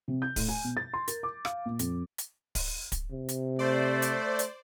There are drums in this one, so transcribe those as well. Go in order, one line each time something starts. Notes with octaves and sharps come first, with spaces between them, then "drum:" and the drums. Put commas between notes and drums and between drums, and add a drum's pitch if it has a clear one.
C3
G6
A2, drum: kick, open hi-hat
G#5
B2
A6
C6
A#4, drum: hi-hat
D6
F5, drum: rim click
A#2
F2, drum: hi-hat
drum: hi-hat
drum: kick, open hi-hat
drum: kick, hi-hat
C3
drum: hi-hat
A3 C5 D5
drum: hi-hat
drum: hi-hat